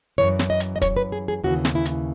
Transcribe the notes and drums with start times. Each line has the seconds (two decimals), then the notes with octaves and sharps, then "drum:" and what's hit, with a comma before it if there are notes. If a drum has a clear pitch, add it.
0.18 F#2 C#3 E3 C#5
0.39 drum: snare
0.50 D#5
0.60 drum: hi-hat
0.76 D#5
0.82 C#5, drum: kick, hi-hat
0.97 B4
1.12 G#4
1.28 G#4
1.44 D#2 C#3 E3 F#4
1.65 drum: snare
1.75 E4
1.86 drum: hi-hat